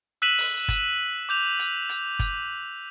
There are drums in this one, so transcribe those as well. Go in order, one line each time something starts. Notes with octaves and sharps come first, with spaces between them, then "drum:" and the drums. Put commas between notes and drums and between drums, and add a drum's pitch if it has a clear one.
E6 F#6 B6 D#7 E7 F#7
drum: open hi-hat
drum: kick G1, hi-hat
D6 G6 F7
drum: hi-hat
drum: hi-hat
drum: kick G1, hi-hat